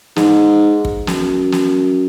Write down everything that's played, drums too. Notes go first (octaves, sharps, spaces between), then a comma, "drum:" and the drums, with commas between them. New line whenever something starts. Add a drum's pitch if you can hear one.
G#2, drum: snare
drum: kick
F#2, drum: snare
drum: snare